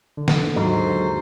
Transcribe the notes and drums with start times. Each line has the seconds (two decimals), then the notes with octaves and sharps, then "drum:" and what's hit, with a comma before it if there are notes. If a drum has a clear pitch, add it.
0.17 D3
0.28 drum: snare
0.56 D#2 G#2 F#3 C5